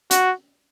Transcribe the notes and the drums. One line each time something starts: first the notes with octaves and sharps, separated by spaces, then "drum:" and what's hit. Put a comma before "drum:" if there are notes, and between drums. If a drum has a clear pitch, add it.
F#4, drum: hi-hat